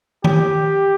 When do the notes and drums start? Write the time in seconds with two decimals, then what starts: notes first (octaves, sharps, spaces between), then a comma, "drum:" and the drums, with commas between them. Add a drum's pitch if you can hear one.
0.24 G4, drum: tom D#3